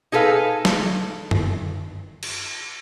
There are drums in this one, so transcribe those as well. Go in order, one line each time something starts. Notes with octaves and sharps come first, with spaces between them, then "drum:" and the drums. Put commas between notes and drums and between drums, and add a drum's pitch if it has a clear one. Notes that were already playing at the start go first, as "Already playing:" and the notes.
D#4 G#4 A4 B4 F5
drum: snare
drum: tom F#2
drum: cymbal